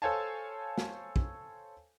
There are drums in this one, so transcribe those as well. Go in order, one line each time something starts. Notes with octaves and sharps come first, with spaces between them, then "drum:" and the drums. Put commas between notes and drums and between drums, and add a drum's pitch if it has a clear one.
A4 C5 C#5 F5 G#5 A5
drum: snare
drum: kick